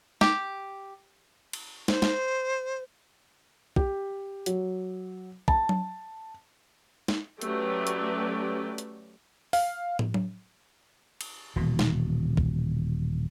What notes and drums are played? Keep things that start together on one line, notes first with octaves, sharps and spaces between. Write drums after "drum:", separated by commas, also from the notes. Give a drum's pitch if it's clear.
G4, drum: snare
drum: cymbal
C5, drum: snare
drum: snare
G4, drum: kick
F#3, drum: hi-hat
A5, drum: kick
drum: tom F#3
drum: snare
F#3 A3 C#4 G4 B4 D5, drum: hi-hat
drum: hi-hat
drum: hi-hat
F5, drum: open hi-hat
drum: tom
drum: tom F#3
drum: cymbal
D#1 B2 E3
drum: snare
drum: kick